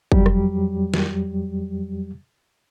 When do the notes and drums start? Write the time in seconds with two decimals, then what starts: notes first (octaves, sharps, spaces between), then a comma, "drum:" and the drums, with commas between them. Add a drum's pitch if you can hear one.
0.12 F2 F#3 G3 G4, drum: kick
0.26 drum: rim click
0.94 drum: snare